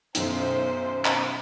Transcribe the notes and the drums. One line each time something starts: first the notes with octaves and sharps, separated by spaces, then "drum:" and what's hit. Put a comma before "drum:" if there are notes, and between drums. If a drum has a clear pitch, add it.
B1 F#2 D#3 C5, drum: hi-hat
drum: clap